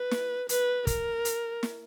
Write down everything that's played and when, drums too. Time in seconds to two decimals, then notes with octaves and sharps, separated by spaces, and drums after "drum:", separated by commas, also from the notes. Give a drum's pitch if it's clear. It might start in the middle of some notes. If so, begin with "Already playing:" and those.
Already playing: B4
0.11 drum: snare
0.49 B4, drum: hi-hat
0.87 A#4, drum: kick, hi-hat
1.25 drum: hi-hat
1.63 drum: snare